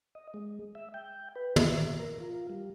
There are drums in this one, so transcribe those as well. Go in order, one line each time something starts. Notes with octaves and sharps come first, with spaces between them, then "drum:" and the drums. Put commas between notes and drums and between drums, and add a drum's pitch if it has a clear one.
D#5
G#3
E5
G5
B4
E5, drum: tom
A#4
F4
G3